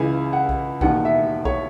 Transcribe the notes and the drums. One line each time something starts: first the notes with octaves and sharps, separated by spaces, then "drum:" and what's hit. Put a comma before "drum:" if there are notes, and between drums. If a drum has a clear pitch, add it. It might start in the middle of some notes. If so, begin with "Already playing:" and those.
Already playing: C#2 C#3 E3 G#5
F#5
drum: kick B1
E1 D#2 D#3 F#5, drum: kick B1
E5
C#5, drum: kick B1